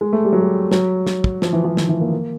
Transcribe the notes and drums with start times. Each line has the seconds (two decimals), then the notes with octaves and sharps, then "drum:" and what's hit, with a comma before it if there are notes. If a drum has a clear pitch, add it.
0.01 G#3
0.13 A3
0.25 G3
0.33 F#3
0.41 G3
0.71 F#3, drum: snare
1.07 drum: snare
1.24 drum: kick
1.42 F3, drum: snare
1.53 E3
1.64 F3
1.77 D#3, drum: snare
1.89 E3
2.01 A#3
2.12 A#3